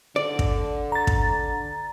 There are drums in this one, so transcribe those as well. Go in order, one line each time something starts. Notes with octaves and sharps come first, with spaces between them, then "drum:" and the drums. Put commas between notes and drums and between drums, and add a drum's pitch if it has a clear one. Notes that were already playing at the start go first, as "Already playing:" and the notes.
D3 D5
drum: kick
A#5 A6
drum: kick